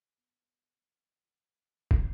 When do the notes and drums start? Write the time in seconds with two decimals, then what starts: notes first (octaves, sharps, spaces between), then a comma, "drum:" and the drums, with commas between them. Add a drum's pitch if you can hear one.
0.16 F3 B3 G6
1.91 drum: kick